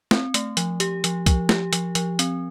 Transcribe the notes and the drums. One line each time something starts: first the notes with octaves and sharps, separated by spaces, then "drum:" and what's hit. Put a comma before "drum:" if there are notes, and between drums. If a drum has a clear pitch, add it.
C4, drum: snare
A3, drum: hi-hat
F3, drum: hi-hat
G4, drum: hi-hat
F3, drum: hi-hat
F3, drum: kick, hi-hat
G4, drum: snare
F3, drum: hi-hat
F3, drum: hi-hat
C4, drum: hi-hat